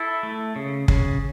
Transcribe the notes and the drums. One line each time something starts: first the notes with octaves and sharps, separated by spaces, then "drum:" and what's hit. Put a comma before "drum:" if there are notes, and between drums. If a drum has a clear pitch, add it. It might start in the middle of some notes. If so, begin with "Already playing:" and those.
Already playing: E4 A4
A3
C#3
C#3, drum: kick